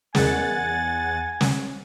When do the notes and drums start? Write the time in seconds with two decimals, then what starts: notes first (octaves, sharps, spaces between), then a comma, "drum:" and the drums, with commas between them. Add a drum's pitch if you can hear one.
0.15 E2 G#4 A#4 D#5 F#5 G#5 A6, drum: snare
1.41 drum: snare